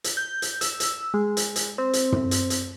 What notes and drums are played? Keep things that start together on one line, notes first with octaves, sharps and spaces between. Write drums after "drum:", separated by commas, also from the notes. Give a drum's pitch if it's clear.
drum: hi-hat
G6
drum: hi-hat
E6, drum: hi-hat
drum: hi-hat
G#3
drum: hi-hat
drum: hi-hat
C4
drum: hi-hat
drum: tom
drum: hi-hat
drum: hi-hat